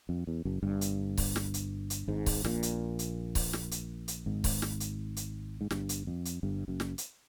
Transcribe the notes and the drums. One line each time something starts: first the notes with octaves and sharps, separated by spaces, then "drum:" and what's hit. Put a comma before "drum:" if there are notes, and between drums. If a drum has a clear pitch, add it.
F2
E2
F#1 F#2
G1 G2
drum: hi-hat
drum: kick C#1, open hi-hat
drum: snare
drum: hi-hat
drum: hi-hat
G#1 G#2
drum: kick C#1, open hi-hat
A#1 A#2, drum: snare
drum: hi-hat
drum: hi-hat
drum: kick C#1, open hi-hat
drum: snare
drum: hi-hat
drum: hi-hat
G#1 G#2
drum: kick C#1, open hi-hat
drum: snare
drum: hi-hat
drum: hi-hat
G#2
G1 G2, drum: snare
drum: hi-hat
F2
drum: hi-hat
G1 G2
F#1 F#2
drum: snare
drum: hi-hat